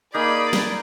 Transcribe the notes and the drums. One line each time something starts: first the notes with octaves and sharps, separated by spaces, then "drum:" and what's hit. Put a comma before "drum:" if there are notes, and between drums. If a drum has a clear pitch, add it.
A#3 D#4 G#4 D5 B5
drum: snare